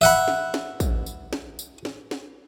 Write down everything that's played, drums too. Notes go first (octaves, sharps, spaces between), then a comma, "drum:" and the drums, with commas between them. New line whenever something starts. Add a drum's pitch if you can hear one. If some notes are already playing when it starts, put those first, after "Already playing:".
E5 F#5 B5
drum: snare
drum: snare
drum: kick, tambourine
drum: tambourine
drum: snare
drum: tambourine
drum: snare
drum: snare